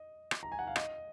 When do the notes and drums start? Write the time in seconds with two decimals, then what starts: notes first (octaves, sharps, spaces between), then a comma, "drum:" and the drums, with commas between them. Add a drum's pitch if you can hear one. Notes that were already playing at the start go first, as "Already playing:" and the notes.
Already playing: D#5
0.31 drum: rim click
0.43 A#5
0.52 G#5
0.59 F#5
0.67 F5
0.76 D#5, drum: rim click